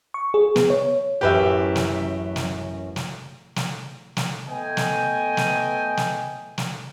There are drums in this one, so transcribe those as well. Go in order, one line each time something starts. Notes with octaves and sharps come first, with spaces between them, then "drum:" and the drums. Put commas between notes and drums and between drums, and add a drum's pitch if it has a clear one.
C#6
G#4
B3, drum: snare
C#5
A1 F#2 G4 B4 E5
drum: snare
drum: snare
drum: snare
drum: snare
drum: snare
A3 B3 D#5 G5 G#5
drum: snare
drum: snare
drum: snare
drum: snare